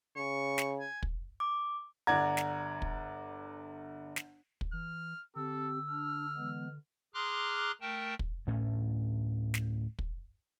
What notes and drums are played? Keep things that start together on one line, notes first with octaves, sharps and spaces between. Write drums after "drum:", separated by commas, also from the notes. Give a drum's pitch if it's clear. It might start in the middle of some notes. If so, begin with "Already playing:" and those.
C#3 C#6
drum: snare
G#5
drum: kick
D6
G1 D5 F#5 A#5 G#6
drum: snare
drum: kick
drum: snare
drum: kick
E3 F6
D3 C4 G4 A4 E6
D4 F6
E3 G#3 B3
G#4 A#5 C6 D6 F6 F#6
A3 A#4 G5 A5
drum: kick
D2 A2 A3 C#4
drum: snare
drum: kick